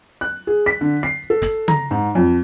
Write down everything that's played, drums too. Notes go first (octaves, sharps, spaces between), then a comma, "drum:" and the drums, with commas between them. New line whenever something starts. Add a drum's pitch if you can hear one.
F#6
G#4
B6
D3
C7
A4
drum: snare
A#5, drum: tom C#3
G#2
F2